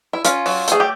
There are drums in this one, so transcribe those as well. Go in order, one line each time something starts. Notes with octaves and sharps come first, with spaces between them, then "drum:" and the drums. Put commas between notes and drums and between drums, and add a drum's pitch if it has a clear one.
E4
C#4 F4, drum: hi-hat
F#3, drum: open hi-hat
A3 G#4, drum: hi-hat
G4